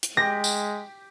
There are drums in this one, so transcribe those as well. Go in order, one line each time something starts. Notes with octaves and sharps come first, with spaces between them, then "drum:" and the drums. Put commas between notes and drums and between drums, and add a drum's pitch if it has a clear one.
drum: hi-hat
G#3 G4 A#6
drum: tambourine